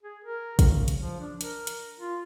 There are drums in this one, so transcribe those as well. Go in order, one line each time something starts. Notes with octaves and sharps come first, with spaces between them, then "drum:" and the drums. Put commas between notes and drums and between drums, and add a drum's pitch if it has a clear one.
G#4
A#4
C#3, drum: kick, hi-hat
drum: hi-hat
F3
D4
A#4, drum: hi-hat
drum: hi-hat
F4